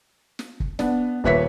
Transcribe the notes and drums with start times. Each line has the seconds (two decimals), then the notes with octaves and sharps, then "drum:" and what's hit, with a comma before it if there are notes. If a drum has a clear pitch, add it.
0.39 drum: snare
0.60 drum: kick
0.79 B3 D4, drum: snare
1.24 D#1 A#2 B4 C#5 E5 B6, drum: kick